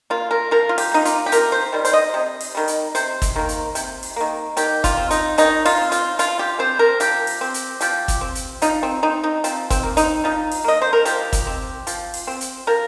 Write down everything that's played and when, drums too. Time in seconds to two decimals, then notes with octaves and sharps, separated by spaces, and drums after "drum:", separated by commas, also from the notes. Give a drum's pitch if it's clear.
0.10 A#3 F4
0.31 A#4
0.51 F3 A#4
0.69 F4
0.78 G4, drum: open hi-hat
0.91 A#3 D#4
1.05 F4, drum: hi-hat
1.26 G4
1.32 C3 A#4, drum: hi-hat
1.52 C5
1.72 D#3 G3
1.85 C5, drum: hi-hat
1.93 D#5
2.14 C3
2.41 drum: open hi-hat
2.55 D#3 G3
2.68 drum: hi-hat
2.95 C3 C5, drum: hi-hat
3.22 drum: kick, hi-hat
3.36 D#3 A#3
3.49 drum: hi-hat
3.75 C3, drum: hi-hat
4.03 drum: open hi-hat
4.16 D#3 A#3
4.57 D#3 G4, drum: hi-hat
4.84 F4, drum: kick, hi-hat
4.97 C4
5.11 D#4, drum: hi-hat
5.38 D#3 D#4, drum: hi-hat
5.66 F4, drum: open hi-hat
5.78 C4
5.92 F4, drum: hi-hat
6.19 F3 F4, drum: hi-hat
6.39 G4
6.59 C4 C5
6.79 A#4
7.00 F3 G4, drum: hi-hat
7.27 drum: open hi-hat
7.41 C4
7.54 drum: hi-hat
7.81 F3 G4, drum: hi-hat
8.08 drum: kick, hi-hat
8.21 C4
8.35 drum: hi-hat
8.62 F3 D#4, drum: hi-hat
8.83 C4
9.03 C4 D#4
9.24 D#4
9.44 F3 C4, drum: hi-hat
9.70 C4, drum: kick, hi-hat
9.83 A#3
9.97 D#4, drum: hi-hat
10.24 F3 D#4
10.51 drum: open hi-hat
10.64 A#3 D#5
10.82 C5
10.93 A#4
11.05 F3 G4, drum: hi-hat
11.33 drum: kick, hi-hat
11.47 C4
11.87 F3, drum: hi-hat
12.14 drum: open hi-hat
12.27 C4
12.41 drum: hi-hat
12.67 F3 A#4